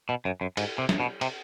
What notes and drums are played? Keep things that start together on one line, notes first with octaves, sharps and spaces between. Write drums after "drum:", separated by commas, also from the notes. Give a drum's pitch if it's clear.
B2
F#2
F#2
G#2, drum: cymbal
C3
drum: snare
B2
C3, drum: cymbal